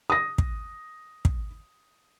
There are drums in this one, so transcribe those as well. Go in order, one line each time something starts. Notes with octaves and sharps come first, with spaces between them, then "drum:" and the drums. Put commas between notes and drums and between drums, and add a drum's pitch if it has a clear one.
D#6 A#6
drum: kick
drum: kick